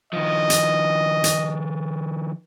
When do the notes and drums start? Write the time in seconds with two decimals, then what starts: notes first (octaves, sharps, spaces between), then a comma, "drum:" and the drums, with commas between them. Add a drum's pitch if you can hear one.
0.13 D#3 F3 D#5
0.50 drum: hi-hat
1.24 drum: hi-hat